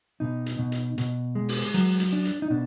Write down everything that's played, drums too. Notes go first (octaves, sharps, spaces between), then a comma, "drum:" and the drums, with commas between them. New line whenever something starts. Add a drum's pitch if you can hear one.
B2 D#4
drum: hi-hat
B2
drum: hi-hat
B2, drum: hi-hat
G#3
drum: open hi-hat
F#3, drum: hi-hat
drum: hi-hat
D4
drum: hi-hat
D#4
B2 D4